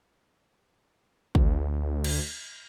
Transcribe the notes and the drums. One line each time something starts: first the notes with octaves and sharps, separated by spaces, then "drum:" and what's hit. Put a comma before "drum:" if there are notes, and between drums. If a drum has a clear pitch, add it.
D2, drum: kick
drum: cymbal